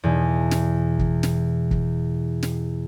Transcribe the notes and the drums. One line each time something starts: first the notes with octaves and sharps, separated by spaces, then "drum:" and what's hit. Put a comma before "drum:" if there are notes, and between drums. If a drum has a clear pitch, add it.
E2 B2
drum: snare
drum: kick
drum: snare
drum: kick
drum: snare